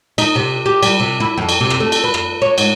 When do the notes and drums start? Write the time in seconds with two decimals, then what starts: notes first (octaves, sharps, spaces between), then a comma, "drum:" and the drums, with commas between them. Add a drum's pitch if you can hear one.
0.18 D#4, drum: cymbal
0.36 C3
0.66 G4
0.83 G3, drum: cymbal
1.00 C3
1.20 E4
1.38 F2
1.49 drum: cymbal
1.60 C3
1.70 drum: rim click
1.80 A3
1.92 drum: cymbal
2.04 B4
2.14 drum: rim click
2.42 C#5
2.58 G#2, drum: cymbal